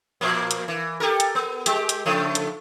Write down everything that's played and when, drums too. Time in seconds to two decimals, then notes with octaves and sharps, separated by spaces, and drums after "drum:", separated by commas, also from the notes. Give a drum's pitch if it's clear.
0.21 A#2 F3 A#3
0.51 drum: hi-hat
0.68 E3
1.00 G4 A4 A#4
1.20 drum: hi-hat
1.35 B3
1.66 G#3 G4, drum: hi-hat
1.89 drum: hi-hat
2.06 C#3 F3 A3
2.35 drum: hi-hat